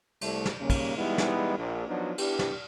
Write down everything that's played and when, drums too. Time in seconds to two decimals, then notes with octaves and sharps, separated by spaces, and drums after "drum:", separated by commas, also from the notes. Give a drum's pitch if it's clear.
0.21 C2 A3, drum: cymbal
0.45 drum: snare
0.60 D#2 C#3 G3 A#3 C#4
0.70 drum: kick, cymbal
0.97 E3 G3 G#3 B3 D#4 E4
1.18 drum: snare
1.58 A#1
1.88 F3 F#3 B3 D4 D#4 F#4
2.18 B3 D4 E4 G4, drum: cymbal
2.39 drum: snare